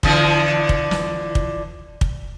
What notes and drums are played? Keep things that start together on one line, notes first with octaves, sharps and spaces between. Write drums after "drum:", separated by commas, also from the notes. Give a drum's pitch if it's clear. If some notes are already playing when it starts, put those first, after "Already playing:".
D3 E3 F3, drum: kick
drum: kick
drum: snare
drum: kick
drum: kick